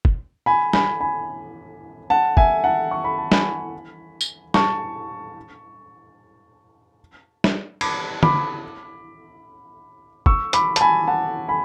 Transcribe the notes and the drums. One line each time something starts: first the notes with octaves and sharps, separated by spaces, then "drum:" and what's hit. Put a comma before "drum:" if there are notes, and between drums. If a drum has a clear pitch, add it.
drum: kick
G#5 B5
G#5 B5, drum: snare
G#5 B5
F#5 A5
E5 G#5, drum: kick
F#5 A5
C#6
B5
A5
G#5 B5, drum: snare
drum: tambourine
A5 C#6, drum: snare
drum: snare
B5 D6, drum: cymbal
B5 D6, drum: tom D3
C#6 E6, drum: kick
B5 D6, drum: hi-hat
A5, drum: hi-hat
G#5 B5
F#5 A5
G#5 B5